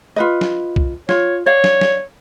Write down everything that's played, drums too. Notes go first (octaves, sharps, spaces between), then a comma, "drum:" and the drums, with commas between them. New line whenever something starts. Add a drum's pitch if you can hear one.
F4 B4 D#5
drum: snare
drum: kick C2
F4 C#5, drum: snare
C#5 D5 F5
drum: snare
drum: snare